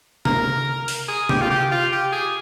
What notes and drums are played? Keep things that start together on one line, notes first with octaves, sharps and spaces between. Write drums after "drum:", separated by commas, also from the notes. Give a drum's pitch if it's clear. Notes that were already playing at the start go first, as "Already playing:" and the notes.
A#4, drum: tom C3
drum: open hi-hat
G#4
G4, drum: tom C3
F4
G4
F4
G4
G#4